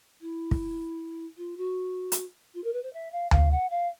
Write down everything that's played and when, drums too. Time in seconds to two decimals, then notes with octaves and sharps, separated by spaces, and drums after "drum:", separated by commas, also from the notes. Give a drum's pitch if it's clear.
0.21 E4
0.51 drum: kick
1.37 F4
1.57 F#4
2.12 drum: hi-hat
2.54 F4
2.64 A#4
2.73 B4
2.83 C5
2.93 E5
3.12 F5
3.31 F5, drum: tom D2
3.51 F#5
3.70 F5